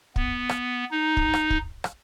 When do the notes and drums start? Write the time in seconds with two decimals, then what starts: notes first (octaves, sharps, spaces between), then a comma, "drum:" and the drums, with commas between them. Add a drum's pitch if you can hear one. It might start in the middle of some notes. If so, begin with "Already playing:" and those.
0.16 B3, drum: kick
0.49 drum: rim click
0.91 D#4
1.17 drum: kick
1.34 drum: rim click
1.50 drum: kick
1.84 drum: rim click